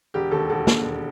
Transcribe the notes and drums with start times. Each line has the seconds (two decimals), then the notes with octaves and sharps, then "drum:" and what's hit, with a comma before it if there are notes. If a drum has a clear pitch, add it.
0.14 E1 G4
0.31 D#2 A4
0.49 E1 A4
0.67 E1, drum: snare
0.83 E1